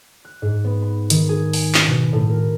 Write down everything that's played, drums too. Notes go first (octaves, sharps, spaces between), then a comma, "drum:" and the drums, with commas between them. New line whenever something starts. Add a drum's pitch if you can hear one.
F#6
G#2
B3
B5
D#3, drum: hi-hat
G#4
G#5, drum: open hi-hat
drum: clap
B2
A2
A#4